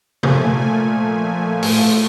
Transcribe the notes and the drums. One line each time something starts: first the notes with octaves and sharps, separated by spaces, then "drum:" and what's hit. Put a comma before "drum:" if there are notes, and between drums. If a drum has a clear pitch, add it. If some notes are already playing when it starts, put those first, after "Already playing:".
A#2 F3 A3 G#5, drum: tom C3
G#5
A2 F3 A3, drum: open hi-hat